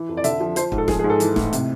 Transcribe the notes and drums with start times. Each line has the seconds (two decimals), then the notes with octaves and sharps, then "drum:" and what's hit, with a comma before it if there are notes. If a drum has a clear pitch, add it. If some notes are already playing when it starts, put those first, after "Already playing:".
Already playing: E3
0.09 F2
0.17 D5
0.24 D3 E5, drum: hi-hat
0.40 F3
0.56 F3 C5, drum: hi-hat
0.72 G#2, drum: kick
0.78 A4
0.88 F3 G#4, drum: snare
0.99 G#4
1.04 G#2
1.10 A4
1.20 E3, drum: hi-hat
1.36 A2, drum: snare
1.53 C3, drum: hi-hat